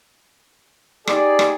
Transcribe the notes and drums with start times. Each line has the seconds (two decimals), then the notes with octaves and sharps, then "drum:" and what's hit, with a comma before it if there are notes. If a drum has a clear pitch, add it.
1.07 D#4 G4 G#4 D5, drum: rim click
1.39 drum: rim click